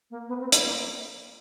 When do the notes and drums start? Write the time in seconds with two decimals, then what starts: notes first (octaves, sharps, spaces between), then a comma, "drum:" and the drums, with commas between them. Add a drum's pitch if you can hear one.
0.10 A#3
0.28 B3
0.40 C4
0.52 E4, drum: hi-hat
0.64 A#3